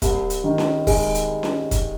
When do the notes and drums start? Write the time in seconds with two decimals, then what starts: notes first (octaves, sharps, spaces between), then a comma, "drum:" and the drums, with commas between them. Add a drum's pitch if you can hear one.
0.02 C2, drum: kick, hi-hat
0.30 drum: hi-hat
0.44 D#3
0.58 drum: snare C#4
0.87 G#3, drum: kick, open hi-hat
1.15 drum: hi-hat
1.43 drum: snare C#4
1.71 drum: kick, hi-hat